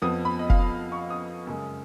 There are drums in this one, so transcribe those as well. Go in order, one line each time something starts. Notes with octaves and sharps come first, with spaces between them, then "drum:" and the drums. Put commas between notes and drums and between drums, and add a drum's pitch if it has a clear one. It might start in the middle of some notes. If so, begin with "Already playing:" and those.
F2 F3 B3 D#6
B5
D#5
F5, drum: kick F1
C#6
D#6
F#2 C#3 G#3